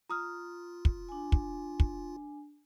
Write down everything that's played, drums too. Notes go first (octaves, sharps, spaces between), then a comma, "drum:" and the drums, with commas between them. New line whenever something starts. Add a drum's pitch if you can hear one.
F4 A#5 D#6 F6
drum: kick
D4 G#5
drum: kick
drum: kick